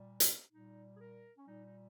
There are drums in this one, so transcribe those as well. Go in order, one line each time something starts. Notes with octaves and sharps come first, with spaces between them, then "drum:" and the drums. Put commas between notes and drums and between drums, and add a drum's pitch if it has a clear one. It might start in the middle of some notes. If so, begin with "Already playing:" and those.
Already playing: A#2 G3
drum: hi-hat
A#2 G3 D#4
G#4
A#4
C#4
A#2 G3 D#4
D#4